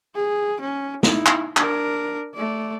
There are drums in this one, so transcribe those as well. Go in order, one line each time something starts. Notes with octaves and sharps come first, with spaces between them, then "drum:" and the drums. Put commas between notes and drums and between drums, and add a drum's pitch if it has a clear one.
G#4
C#4
D#4 E4, drum: snare
drum: clap
D4 A#4, drum: clap
A3 D5